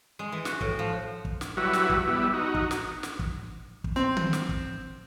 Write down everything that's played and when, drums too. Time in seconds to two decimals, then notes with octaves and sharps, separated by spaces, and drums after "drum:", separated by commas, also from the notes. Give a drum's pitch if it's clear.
0.19 G#3
0.32 E3
0.45 F#4, drum: snare
0.61 A2, drum: kick
0.79 F3
1.25 drum: kick
1.41 drum: snare
1.57 F#3 G3 E4 F#4 B4
1.73 drum: snare
1.90 drum: kick
2.07 G3 B3 E4
2.33 D#4 F#4
2.54 drum: kick
2.71 drum: snare
3.03 drum: snare
3.19 drum: kick
3.84 drum: kick
3.96 C4
4.17 drum: tom D#3
4.33 drum: snare
4.49 drum: kick